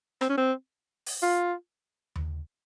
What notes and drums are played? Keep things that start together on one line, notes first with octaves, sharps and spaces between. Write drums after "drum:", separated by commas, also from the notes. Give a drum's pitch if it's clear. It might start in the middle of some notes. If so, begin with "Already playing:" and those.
C4, drum: rim click
C#4
C4
drum: open hi-hat
F4
drum: tom D#2